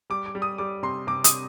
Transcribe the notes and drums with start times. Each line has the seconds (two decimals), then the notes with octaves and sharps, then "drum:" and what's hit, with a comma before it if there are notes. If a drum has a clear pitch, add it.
0.10 G3 D6
0.26 D6
0.35 G3
0.42 D#6
0.58 G3 D6
0.83 C3 C6
1.07 C3 D6
1.24 D#6, drum: hi-hat